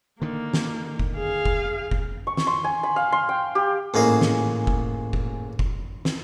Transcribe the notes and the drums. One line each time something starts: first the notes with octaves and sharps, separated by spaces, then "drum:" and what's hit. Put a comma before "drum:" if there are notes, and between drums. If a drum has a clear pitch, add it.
D3 D#3 A#3
drum: snare
drum: kick F#1
G#4 F5
drum: kick F#1
drum: kick F#1
C#6
drum: snare
C6
G#5
B5
F5
C6
G5
G4
A1 G#2 A#3 D#5
drum: snare
drum: kick F#1
drum: kick F#1
drum: kick F#1
drum: snare